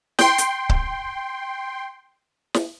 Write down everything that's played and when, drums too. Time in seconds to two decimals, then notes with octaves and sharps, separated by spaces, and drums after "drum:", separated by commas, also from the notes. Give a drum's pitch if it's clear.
0.19 G5 C6, drum: snare
0.38 drum: hi-hat
0.69 drum: kick C#1
2.54 drum: snare